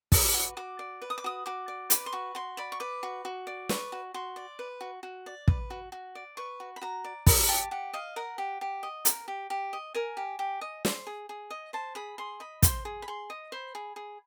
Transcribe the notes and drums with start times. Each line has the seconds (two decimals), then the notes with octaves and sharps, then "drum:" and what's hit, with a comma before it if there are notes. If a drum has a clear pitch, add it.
0.12 B4 D6, drum: kick, open hi-hat
0.34 F#4
0.57 F#4 D6
0.79 D5
1.02 B4
1.10 D#6
1.18 D6
1.24 F#4 D#6
1.46 F#4 D6
1.68 D5
1.90 B4 D6, drum: hi-hat
2.06 C6
2.13 F#4 C#6
2.35 F#4 C6
2.57 D5 B5
2.72 C#6
2.80 B4 D6
3.03 F#4
3.25 F#4
3.47 D5
3.69 B4 C#6, drum: snare
3.92 F#4
4.14 F#4 C6
4.36 D5
4.59 B4
4.81 F#4
5.03 F#4
5.26 D5
5.48 B4, drum: kick
5.70 F#4
5.92 F#4
6.15 D5
6.37 B4 C#6
6.60 F#4
6.76 B5
6.81 F#4 A#5
7.04 D5
7.27 A#4 B5, drum: kick, open hi-hat
7.49 G4 A5
7.71 G4 F#5
7.93 D#5 F5
8.16 A#4 F#5
8.38 G4
8.61 G4
8.83 D#5
9.05 A#4, drum: hi-hat
9.28 G4
9.50 G4
9.73 D#5
9.95 A#4 G#5
10.17 G4
10.39 G4
10.61 D#5
10.85 C5, drum: snare
11.07 G#4
11.29 G#4
11.50 D#5
11.73 C5 A5
11.95 G#4 B5
12.18 G#4 C6
12.40 D#5 B5
12.63 C5 C6, drum: kick, hi-hat
12.85 G#4
13.02 B5
13.08 G#4 C6
13.30 D#5
13.52 C5 B5
13.75 G#4
13.96 G#4